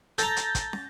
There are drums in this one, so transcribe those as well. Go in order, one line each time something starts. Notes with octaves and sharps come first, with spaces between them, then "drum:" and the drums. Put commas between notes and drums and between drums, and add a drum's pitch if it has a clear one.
A4 A#5 G6 A6 A#6, drum: hi-hat
drum: hi-hat
drum: kick, hi-hat
drum: snare